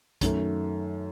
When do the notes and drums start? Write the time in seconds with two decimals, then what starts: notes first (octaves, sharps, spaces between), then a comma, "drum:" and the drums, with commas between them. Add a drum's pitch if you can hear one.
0.21 F#2 D#3 A3, drum: kick, hi-hat